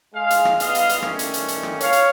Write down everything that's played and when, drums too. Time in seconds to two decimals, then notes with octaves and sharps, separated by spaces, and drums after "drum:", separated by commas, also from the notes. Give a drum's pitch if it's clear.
0.14 G#3 F5
0.30 drum: hi-hat
0.45 drum: rim click
0.60 G2 G#3 B3 D#5 F5, drum: hi-hat
0.75 drum: hi-hat
0.89 drum: hi-hat
1.02 G2 D#3 A3 C#4, drum: rim click
1.19 drum: hi-hat
1.34 drum: hi-hat
1.48 drum: hi-hat
1.63 drum: rim click
1.80 C#5 F5, drum: hi-hat
1.93 drum: hi-hat